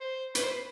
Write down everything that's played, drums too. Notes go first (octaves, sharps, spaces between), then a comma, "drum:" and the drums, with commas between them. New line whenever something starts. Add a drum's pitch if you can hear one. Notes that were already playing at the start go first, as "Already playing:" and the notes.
C5
B4, drum: hi-hat
C5
B4